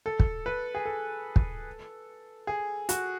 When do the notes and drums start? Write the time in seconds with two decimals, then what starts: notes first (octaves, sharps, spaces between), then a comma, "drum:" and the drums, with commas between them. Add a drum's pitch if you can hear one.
0.06 A4
0.20 drum: kick
0.46 B4
0.75 G#4
0.86 A4
1.36 drum: kick
2.47 G#4
2.89 F#4, drum: hi-hat